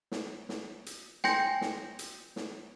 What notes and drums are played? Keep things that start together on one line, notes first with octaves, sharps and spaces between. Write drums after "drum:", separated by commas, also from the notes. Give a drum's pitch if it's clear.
drum: snare
drum: snare
drum: hi-hat
G5 G#5 C6 G6 A#6 C#7, drum: snare
drum: snare
drum: hi-hat
drum: snare